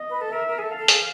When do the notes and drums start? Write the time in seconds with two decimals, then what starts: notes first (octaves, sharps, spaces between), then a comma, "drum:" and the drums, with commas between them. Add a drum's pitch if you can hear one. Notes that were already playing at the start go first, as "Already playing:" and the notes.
Already playing: D#5
0.10 B4
0.21 A4
0.32 A#4 E5
0.47 A#4
0.58 G#4
0.62 A4
0.77 A4 F5
0.88 G#4, drum: hi-hat